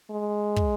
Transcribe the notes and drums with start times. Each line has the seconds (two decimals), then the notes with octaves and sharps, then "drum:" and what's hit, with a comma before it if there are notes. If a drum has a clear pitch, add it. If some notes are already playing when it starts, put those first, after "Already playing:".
0.11 G#3
0.56 drum: kick